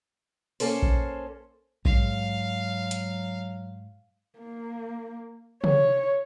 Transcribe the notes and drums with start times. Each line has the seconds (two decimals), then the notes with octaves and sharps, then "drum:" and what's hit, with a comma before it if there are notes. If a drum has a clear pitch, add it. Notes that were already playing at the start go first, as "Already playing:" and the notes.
0.60 A#3 C#4 A4 C5, drum: open hi-hat
0.82 drum: kick A#1
1.85 G#2 F#3 G#3 F5, drum: kick A#1
2.91 drum: hi-hat
4.39 A#3
5.64 C#5, drum: tom